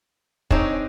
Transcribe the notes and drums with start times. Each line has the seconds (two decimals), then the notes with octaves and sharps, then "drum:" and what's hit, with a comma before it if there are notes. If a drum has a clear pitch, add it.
0.51 C4 D4 D#4 G#4 C#5 D#5, drum: kick